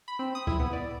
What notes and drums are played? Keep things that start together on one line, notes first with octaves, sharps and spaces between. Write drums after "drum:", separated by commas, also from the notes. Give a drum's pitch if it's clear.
B5
C4
D#6
E4, drum: kick C#2
B3
D5